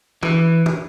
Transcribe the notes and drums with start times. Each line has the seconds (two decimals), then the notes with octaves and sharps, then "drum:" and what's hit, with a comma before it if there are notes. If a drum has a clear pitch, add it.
0.23 E3, drum: tom
0.66 drum: tom